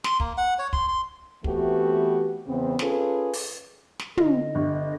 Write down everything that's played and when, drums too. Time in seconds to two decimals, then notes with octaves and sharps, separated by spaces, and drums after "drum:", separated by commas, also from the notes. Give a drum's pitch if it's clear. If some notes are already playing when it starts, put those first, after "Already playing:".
0.04 C6, drum: snare
0.20 A#3, drum: kick
0.37 F#5
0.59 C#5
0.73 C6, drum: kick
0.88 C6
1.44 E3 A3 B3 C4 F#4 G4, drum: kick
2.46 E2 C#3 B3 C4
2.79 C#4 F4 G#4 A4 B4, drum: snare
3.33 drum: open hi-hat
3.99 drum: snare
4.17 D3 D#5, drum: tom
4.55 G1